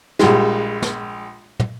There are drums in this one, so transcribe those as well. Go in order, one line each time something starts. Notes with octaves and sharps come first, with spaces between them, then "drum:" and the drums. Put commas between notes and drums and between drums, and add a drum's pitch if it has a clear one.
A#1 G3 G#3, drum: snare
drum: snare
drum: tom